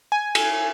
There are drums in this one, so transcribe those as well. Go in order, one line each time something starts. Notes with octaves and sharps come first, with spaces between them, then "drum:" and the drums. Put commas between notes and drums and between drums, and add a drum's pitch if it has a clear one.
G#5
drum: cymbal